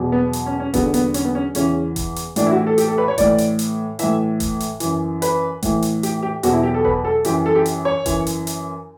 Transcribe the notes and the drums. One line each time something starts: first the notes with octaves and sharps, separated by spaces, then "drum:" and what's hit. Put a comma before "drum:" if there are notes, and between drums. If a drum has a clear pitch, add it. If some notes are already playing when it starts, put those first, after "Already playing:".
Already playing: E2 B2 F#3
B3
drum: hi-hat
C#4
C#4
E2 D3 F#3 B3, drum: kick E1, hi-hat
B3, drum: hi-hat
C#4, drum: hi-hat
B3
C#4
E2 C#3 E3 C#4, drum: hi-hat
drum: kick E1, hi-hat
drum: hi-hat
A2 E3 D4, drum: hi-hat
E4
F#4
G4
A4
G4, drum: hi-hat
A4
B4
C#5
A2 E3 D5, drum: kick E1, hi-hat
drum: hi-hat
drum: hi-hat
A2 E3 E5, drum: hi-hat
drum: kick E1, hi-hat
drum: hi-hat
F#2 E3, drum: hi-hat
B4, drum: hi-hat
A2 E3, drum: kick E1, hi-hat
drum: hi-hat
G4, drum: hi-hat
G4
E2 B2 F#3 F#4, drum: hi-hat
E4
G4
A4
B4, drum: kick E1
A4
F#2 E3 G4, drum: hi-hat
A4
G4
drum: hi-hat
C#5
F#2 E3, drum: kick E1, hi-hat
drum: hi-hat
drum: hi-hat